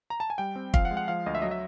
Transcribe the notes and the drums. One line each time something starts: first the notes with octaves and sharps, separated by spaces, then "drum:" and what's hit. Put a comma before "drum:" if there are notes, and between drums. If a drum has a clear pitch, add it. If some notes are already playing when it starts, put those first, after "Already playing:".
A#5
A5
G#5
G3 G5
C4
F3 F5, drum: kick
F#5
G#3
F#5
F3 F5
D2 D#5
E5
F#3 D#5
E5